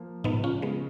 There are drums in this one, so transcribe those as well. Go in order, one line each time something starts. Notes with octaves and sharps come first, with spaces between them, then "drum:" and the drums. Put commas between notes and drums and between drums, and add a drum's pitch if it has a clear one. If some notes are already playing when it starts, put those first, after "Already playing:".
Already playing: F3 A#3
C#2 B3 D#4, drum: tom G#2
C#4 F4
C#3 G#3 B3